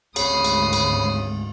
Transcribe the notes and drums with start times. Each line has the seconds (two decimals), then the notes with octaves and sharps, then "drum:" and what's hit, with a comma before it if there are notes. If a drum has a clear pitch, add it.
0.16 G#1 D2 C#3 G#3 B5 D#6 C7, drum: cymbal
0.44 drum: cymbal
0.73 drum: cymbal